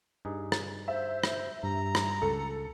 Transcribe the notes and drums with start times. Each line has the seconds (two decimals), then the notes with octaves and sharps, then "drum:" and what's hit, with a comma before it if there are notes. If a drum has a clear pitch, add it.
0.25 G2 D#4 G#4
0.52 drum: rim click
0.88 C5 E5
1.24 drum: rim click
1.63 G2 A#5
1.95 drum: rim click
2.22 C#2 A4